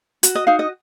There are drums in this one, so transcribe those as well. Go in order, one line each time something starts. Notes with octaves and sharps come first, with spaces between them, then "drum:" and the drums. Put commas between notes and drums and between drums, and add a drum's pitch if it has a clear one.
F#4, drum: hi-hat
D#5
D#4 F5
D#5